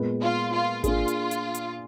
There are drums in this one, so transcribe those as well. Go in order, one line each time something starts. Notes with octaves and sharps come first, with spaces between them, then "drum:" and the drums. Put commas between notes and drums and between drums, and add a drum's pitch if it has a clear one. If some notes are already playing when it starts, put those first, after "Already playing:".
Already playing: A#2 G#3 B3
F4
F4
A#3 D4 F4 G#4, drum: kick G#1, hi-hat
drum: hi-hat
drum: hi-hat
drum: hi-hat